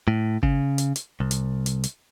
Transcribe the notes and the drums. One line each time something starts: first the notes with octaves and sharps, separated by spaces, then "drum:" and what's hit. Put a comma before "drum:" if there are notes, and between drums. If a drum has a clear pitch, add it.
A2
C#3, drum: kick G1
drum: hi-hat
drum: hi-hat
C2
drum: hi-hat
drum: hi-hat
drum: hi-hat